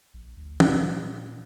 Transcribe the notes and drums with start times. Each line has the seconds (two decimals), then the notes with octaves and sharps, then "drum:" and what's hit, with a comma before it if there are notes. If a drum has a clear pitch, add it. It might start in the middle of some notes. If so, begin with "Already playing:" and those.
0.14 A#1
0.37 D2
0.60 A#2, drum: tom